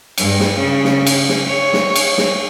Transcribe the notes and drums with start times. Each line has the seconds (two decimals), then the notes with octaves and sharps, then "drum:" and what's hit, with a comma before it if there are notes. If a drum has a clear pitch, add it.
0.18 G2, drum: cymbal
0.40 drum: snare
0.57 C#3
0.84 drum: snare
1.07 drum: cymbal
1.29 drum: snare
1.47 C#5
1.73 drum: snare
1.96 drum: cymbal
2.18 drum: snare